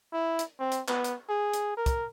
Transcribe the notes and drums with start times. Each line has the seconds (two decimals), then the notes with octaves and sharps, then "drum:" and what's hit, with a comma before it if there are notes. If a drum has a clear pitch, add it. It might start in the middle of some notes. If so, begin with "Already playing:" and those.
0.13 E4
0.39 drum: hi-hat
0.59 C4
0.72 drum: hi-hat
0.88 B3, drum: clap
1.04 drum: hi-hat
1.29 G#4
1.54 drum: hi-hat
1.77 A#4
1.86 drum: kick, hi-hat